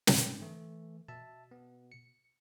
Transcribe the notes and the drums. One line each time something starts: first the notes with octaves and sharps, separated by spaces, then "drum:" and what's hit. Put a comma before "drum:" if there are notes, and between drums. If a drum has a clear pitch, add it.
drum: snare
G#2 D3 C4
E3 A3
B2 E5 A5
B3
C#7